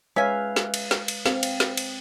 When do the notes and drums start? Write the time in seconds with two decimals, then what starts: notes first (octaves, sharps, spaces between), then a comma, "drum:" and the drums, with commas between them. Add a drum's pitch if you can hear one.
0.16 G#3 C#4 B4 E5 F5 G#5
0.56 drum: snare
0.74 drum: cymbal
0.91 drum: snare
1.08 drum: cymbal
1.26 C4 F5, drum: snare
1.43 drum: cymbal
1.60 drum: snare
1.77 drum: cymbal